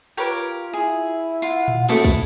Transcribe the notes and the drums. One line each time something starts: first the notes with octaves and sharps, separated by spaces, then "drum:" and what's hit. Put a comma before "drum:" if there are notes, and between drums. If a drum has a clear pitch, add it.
F4 G4 A#4 B4 C#5 G5
E4 G#4
F4 F#5
drum: tom A#2
A3 A#3 C#4 E4 F#4 A4 D#6, drum: cymbal
drum: kick